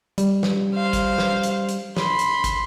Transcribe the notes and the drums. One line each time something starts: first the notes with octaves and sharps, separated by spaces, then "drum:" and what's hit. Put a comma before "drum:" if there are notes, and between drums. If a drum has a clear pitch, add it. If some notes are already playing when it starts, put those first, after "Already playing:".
G3, drum: hi-hat
drum: snare
C5 F5
drum: kick, hi-hat
drum: snare
drum: hi-hat
drum: hi-hat
B5 C6, drum: snare
drum: hi-hat
drum: kick, hi-hat